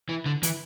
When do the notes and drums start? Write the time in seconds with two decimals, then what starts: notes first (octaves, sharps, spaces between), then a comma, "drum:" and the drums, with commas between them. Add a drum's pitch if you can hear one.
0.09 E3
0.26 D3
0.43 E3, drum: hi-hat